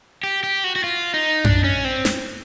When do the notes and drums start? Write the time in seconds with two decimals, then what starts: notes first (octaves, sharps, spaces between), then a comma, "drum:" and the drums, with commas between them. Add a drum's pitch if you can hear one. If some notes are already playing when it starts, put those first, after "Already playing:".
0.23 G4
0.43 G4
0.64 F#4
0.76 F#4
0.84 F4
1.14 D#4
1.44 D4, drum: tom F#2
1.64 C#4
1.85 C4
2.05 drum: snare